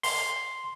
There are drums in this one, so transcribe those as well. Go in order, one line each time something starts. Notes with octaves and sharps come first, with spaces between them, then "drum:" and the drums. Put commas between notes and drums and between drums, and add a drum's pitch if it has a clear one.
C6, drum: open hi-hat